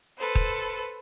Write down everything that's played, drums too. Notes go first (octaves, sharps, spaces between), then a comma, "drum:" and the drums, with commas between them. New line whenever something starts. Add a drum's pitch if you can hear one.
A4 B4 C5
drum: kick D#1